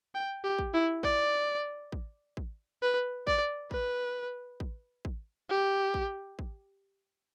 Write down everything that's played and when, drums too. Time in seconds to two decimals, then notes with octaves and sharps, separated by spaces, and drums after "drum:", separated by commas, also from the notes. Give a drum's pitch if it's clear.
0.15 G5
0.44 G4
0.59 drum: kick
0.74 E4
1.03 D5, drum: kick
1.92 drum: kick
2.37 drum: kick
2.82 B4
3.27 D5, drum: kick
3.71 B4, drum: kick
4.60 drum: kick
5.05 drum: kick
5.49 G4
5.94 drum: kick
6.39 drum: kick